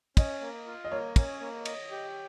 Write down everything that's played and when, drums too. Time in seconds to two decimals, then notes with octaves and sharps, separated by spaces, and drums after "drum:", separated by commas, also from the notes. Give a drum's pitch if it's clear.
0.17 C#4 D#5, drum: kick, cymbal
0.41 A#3
0.67 F4
0.85 D#5
0.92 A#3 C#5
1.16 C#4, drum: kick, cymbal
1.41 A#3
1.65 D#5, drum: cymbal
1.91 G4